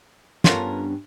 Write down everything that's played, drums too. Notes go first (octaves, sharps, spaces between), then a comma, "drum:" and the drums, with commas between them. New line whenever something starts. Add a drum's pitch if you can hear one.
G2 B3 C#4 F4 A4 A#4, drum: snare